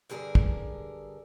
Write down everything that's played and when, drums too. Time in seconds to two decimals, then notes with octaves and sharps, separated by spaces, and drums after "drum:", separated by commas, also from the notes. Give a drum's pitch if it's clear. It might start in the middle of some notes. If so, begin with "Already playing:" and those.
0.09 G2 D3 G#4 A#4 D5
0.35 drum: kick